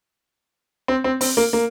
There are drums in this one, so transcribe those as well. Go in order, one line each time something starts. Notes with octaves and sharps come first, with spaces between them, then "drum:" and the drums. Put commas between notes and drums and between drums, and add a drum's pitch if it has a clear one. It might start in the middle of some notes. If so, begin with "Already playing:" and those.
C4
C4
C4, drum: open hi-hat
A#3
A#3